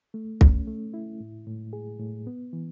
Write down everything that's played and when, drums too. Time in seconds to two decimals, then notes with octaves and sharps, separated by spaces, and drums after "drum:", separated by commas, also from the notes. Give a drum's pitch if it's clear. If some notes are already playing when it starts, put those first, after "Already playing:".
0.14 A3
0.41 C#4, drum: kick
0.67 A3
0.94 E4
1.20 A2
1.47 A2
1.73 G#4
2.00 A2
2.27 B3
2.53 E3